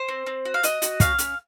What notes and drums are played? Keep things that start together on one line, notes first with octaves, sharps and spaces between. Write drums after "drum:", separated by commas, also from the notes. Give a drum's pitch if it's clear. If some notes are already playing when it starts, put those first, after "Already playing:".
Already playing: C5
C4
C4
F#4
F5
F#4 D#5, drum: hi-hat
F#4, drum: hi-hat
C#4 F5, drum: kick, hi-hat
C#4, drum: hi-hat